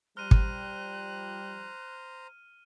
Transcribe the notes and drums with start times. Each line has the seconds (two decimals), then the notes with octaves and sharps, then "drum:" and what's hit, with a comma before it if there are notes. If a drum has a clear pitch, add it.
0.17 F3 G3 C5 A#5 F6 F#6 D#7
0.31 drum: kick